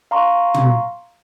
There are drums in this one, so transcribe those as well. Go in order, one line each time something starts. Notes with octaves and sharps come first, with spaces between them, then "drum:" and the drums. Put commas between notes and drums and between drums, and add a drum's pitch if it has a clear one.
F5 A#5 C6 C#6
drum: tom